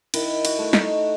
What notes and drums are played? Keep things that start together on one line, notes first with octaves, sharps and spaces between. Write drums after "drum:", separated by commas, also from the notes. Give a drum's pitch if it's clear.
D#3 E4, drum: cymbal
F#4, drum: cymbal
A3
D#4, drum: snare